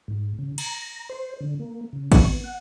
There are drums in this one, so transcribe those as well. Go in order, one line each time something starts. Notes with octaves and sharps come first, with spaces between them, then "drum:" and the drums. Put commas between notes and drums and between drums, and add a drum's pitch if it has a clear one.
G#2
C#3
A#5, drum: cymbal
C5
D3
A#3
C#3
C#6, drum: kick G#1, cymbal
B3
F#5